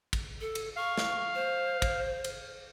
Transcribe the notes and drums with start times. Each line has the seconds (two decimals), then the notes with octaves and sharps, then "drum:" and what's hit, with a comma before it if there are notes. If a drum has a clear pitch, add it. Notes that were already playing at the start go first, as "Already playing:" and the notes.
0.13 drum: kick, cymbal
0.41 A4
0.55 drum: cymbal
0.76 F5 C#6
0.98 drum: snare
1.35 C5
1.82 drum: kick, cymbal
2.24 drum: cymbal